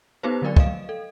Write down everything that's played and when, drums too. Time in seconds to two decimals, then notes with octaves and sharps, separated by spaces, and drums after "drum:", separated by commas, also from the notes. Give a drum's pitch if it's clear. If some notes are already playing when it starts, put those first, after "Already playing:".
0.23 B3 D#4 G4 B4 C5
0.42 D3 F#3 G#3 A#4 D5
0.57 D#5 F5, drum: kick
0.89 A4